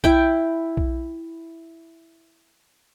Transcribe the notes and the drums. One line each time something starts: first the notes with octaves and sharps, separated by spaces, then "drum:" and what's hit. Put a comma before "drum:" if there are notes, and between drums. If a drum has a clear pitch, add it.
E4 G5, drum: kick B1
drum: kick B1